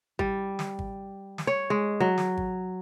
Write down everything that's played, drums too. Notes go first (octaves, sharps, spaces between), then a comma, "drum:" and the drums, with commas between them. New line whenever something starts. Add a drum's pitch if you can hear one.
G3, drum: kick G#1
drum: snare
drum: kick G#1
drum: snare
C#5
G#3
F#3
drum: snare
drum: kick G#1